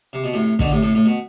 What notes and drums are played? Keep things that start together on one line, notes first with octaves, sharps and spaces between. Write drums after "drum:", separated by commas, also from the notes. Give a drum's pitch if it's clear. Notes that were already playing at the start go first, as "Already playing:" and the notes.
C3
B2
A2 C3
B2 D3, drum: kick
A2 C3
A2 C3
A2
B2